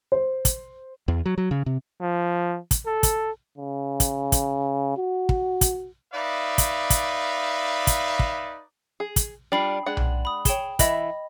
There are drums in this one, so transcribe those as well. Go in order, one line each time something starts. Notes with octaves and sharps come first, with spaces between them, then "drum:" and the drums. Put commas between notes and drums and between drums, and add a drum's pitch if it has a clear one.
C5
drum: kick, hi-hat
E2
F#3
F#3
C#3
C3
F3
drum: kick, hi-hat
A4
drum: kick, hi-hat
C#3
drum: kick, hi-hat
drum: kick, hi-hat
F#4
drum: kick
drum: kick, hi-hat
D#4 B4 D5 E5 F5
drum: kick, hi-hat
drum: kick, hi-hat
drum: kick, hi-hat
drum: kick
G#4
drum: kick, hi-hat
G3 D4 F4 G5 B5 C7
G#3 D4 F#5
drum: tom B1
B5 D#6
G#4 C#5 G5 E7 G7, drum: kick, hi-hat
E3 E4 D#5 E5 B5, drum: kick, hi-hat